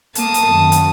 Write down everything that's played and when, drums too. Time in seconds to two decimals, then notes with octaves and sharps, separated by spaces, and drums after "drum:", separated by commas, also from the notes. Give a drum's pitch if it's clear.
0.15 A#3 A5 D#6, drum: hi-hat
0.34 drum: hi-hat
0.48 F#2 D#3
0.72 drum: hi-hat